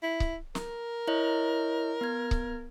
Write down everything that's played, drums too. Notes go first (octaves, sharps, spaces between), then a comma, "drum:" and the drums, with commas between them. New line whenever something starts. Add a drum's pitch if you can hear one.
E4
drum: kick C#1
A#4, drum: snare
E4 C#5 D#5
B3 G#6
drum: kick C#1